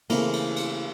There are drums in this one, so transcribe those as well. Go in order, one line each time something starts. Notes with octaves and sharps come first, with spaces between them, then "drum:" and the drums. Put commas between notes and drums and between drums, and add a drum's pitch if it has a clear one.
C#3 E3 A3 A#3 C4 E4, drum: cymbal
drum: cymbal
drum: cymbal